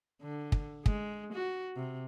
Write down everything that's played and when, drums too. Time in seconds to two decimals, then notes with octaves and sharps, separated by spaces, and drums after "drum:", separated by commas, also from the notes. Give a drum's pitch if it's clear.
0.22 D3
0.52 drum: kick
0.86 G#3, drum: kick
1.33 F#4
1.76 C3